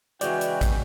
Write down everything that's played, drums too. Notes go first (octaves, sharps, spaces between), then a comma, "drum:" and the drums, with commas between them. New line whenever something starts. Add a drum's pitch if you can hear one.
C#3 E3 G#3 F#4 D5 G5, drum: hi-hat
drum: hi-hat
drum: kick, hi-hat